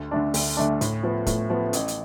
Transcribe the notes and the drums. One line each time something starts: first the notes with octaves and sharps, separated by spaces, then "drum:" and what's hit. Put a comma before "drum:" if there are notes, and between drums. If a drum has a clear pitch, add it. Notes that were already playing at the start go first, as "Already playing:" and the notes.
Already playing: D2
D3 A3 D4
D2, drum: open hi-hat
D3 A3 D4
A2, drum: hi-hat
F3 B3
A2, drum: kick, hi-hat
F3 B3
A1, drum: hi-hat
drum: hi-hat